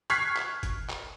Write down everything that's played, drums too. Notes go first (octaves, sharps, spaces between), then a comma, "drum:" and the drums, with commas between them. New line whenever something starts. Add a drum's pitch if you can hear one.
C#6 F6 F#6 G#6 B6 C7, drum: hi-hat
drum: clap
drum: kick, hi-hat
drum: clap